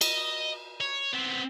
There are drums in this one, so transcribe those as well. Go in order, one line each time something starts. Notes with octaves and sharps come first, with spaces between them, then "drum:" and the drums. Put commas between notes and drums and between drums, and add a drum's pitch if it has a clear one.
D#5, drum: cymbal
C#5
B3 C4